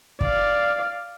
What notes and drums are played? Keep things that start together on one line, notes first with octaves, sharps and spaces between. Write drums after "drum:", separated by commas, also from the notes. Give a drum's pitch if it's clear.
D5 F5, drum: kick